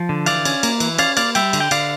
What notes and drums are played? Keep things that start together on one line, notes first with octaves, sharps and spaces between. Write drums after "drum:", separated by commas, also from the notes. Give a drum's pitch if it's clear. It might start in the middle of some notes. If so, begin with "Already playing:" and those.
Already playing: F3
D3
E3 D5 F5, drum: cymbal
C#4, drum: cymbal
A#3, drum: cymbal
E3, drum: cymbal
C#4 D5 F5, drum: cymbal
A#3 D5 F5, drum: cymbal
G3 E5 G5, drum: cymbal
D3, drum: cymbal
G5
D3 D5 F5, drum: cymbal